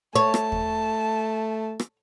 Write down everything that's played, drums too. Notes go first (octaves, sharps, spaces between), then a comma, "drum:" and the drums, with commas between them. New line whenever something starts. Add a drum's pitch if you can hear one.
A3 C#5 A5
drum: rim click
drum: kick
drum: rim click